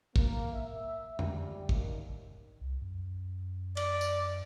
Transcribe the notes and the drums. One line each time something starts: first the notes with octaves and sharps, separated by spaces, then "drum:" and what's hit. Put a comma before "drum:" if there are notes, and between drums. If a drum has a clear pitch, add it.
A#3, drum: kick
E5
G3, drum: tom F2
D#2, drum: kick
C2
F#2
D5, drum: cymbal
drum: tambourine